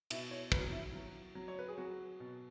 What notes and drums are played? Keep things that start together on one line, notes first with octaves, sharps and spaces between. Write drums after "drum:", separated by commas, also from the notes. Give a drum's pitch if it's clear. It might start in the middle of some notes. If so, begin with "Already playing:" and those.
B2 E4, drum: cymbal
C#5
F#3 B4, drum: kick
E4
F#3
F#3
C#5
B4
G#4
F#3 F#4
B2